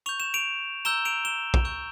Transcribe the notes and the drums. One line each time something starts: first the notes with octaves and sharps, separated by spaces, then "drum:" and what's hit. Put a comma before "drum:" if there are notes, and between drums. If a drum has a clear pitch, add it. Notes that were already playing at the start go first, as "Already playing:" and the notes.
C#6 G6 F7
E7
D7 F7
A#5 E6 G6 E7 G7
D7 F7
E7 G7
drum: kick A#1
C#6 E6 G6